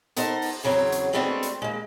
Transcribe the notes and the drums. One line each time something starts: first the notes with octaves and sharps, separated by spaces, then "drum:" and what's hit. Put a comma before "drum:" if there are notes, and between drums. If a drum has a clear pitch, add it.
B3 D#4 A4 A#4 C5, drum: hi-hat
drum: open hi-hat
E2 C#3 F#3 C4 C#5
drum: hi-hat
G#3 A3 B3 C4 D4 F#4
drum: hi-hat
G#3 A#3